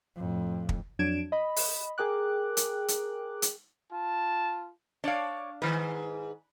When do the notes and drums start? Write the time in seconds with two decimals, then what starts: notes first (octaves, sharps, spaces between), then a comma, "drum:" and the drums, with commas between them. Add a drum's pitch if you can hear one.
0.16 F2 A2
0.69 drum: kick
0.99 F2 F#3 D4 G#6 D7 E7
1.32 D#5 B5
1.56 drum: open hi-hat
1.98 G#4 A#4 G5 D6 F#6
2.57 drum: hi-hat
2.88 drum: hi-hat
3.42 drum: hi-hat
3.92 F4 A5
5.04 D4 C#5 D5 F5
5.62 G#2 D#3 B4